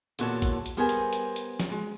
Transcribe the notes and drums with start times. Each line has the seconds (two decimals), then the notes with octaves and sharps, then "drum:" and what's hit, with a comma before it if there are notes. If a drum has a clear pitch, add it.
0.19 E2 A#2 D3 F#4 C#5 A5, drum: hi-hat
0.42 drum: kick, hi-hat
0.66 drum: hi-hat
0.77 G3 B3 G#4 A#4 C5 G#5
0.89 drum: hi-hat
1.13 drum: hi-hat
1.36 drum: hi-hat
1.60 drum: snare
1.71 G#3